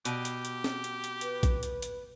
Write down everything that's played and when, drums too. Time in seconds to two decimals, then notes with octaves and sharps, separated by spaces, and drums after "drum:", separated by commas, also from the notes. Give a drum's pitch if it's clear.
0.05 B2 G4, drum: hi-hat
0.25 drum: hi-hat
0.45 drum: hi-hat
0.64 drum: snare
0.84 drum: hi-hat
1.04 drum: hi-hat
1.21 B4, drum: hi-hat
1.43 drum: kick A#1, hi-hat
1.63 drum: hi-hat
1.82 drum: hi-hat